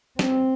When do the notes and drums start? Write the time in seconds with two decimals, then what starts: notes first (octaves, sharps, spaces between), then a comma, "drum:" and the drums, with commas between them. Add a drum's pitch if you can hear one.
0.19 C4, drum: snare